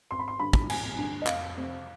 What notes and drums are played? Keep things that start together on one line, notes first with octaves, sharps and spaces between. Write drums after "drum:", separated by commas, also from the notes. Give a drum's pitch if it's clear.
G#1 C6
B5
C6
G2 D3 B5
drum: kick
G#1 G#5, drum: cymbal
G2 D3
D#5
F1 F5, drum: clap
F2 C3